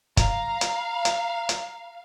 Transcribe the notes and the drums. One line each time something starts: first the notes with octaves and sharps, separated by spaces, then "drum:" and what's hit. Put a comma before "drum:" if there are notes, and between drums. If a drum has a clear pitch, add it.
F5 A#5, drum: kick, hi-hat
drum: hi-hat
drum: hi-hat
drum: hi-hat